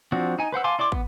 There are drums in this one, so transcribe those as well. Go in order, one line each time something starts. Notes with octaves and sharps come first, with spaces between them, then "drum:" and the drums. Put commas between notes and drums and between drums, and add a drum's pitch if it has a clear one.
F3 C4 D4 F#4
D#4 G#5
B4 C5 F#5 E6
F5 G#5 A5 C6 D6
E4 D5 C6 D6
B3, drum: kick